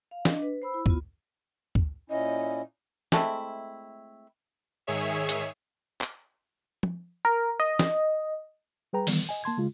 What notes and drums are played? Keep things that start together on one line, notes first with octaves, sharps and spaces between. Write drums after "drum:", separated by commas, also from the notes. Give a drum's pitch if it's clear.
F5
D4 D#5, drum: snare
B4
C5 B5 E6
E4
B3 F4, drum: kick
drum: kick
A#2 C#4 E4 D#5
G#3 A3 C4 E4, drum: snare
G#2 D#3 G#4 C#5 E5
drum: hi-hat
drum: clap
drum: tom
A#4
D#5
drum: snare
G3 G#4 B4 G5 A#5
D#3 E3 G3 B3, drum: open hi-hat
D#5 G#5
A#3 A5 C6 G#6
C#3 G#3 F4